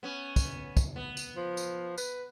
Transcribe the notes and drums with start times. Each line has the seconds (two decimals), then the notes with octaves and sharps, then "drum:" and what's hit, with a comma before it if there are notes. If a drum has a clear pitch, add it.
0.03 B3 C#4
0.36 drum: kick, tambourine
0.77 drum: kick, tambourine
0.96 B3
1.17 drum: tambourine
1.36 F3
1.57 drum: tambourine
1.98 B4, drum: tambourine